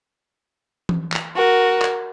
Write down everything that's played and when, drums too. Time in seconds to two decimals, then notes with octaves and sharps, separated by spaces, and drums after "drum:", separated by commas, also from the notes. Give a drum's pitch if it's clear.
0.89 drum: tom E3
1.12 drum: clap
1.35 F#4 A#4
1.81 drum: clap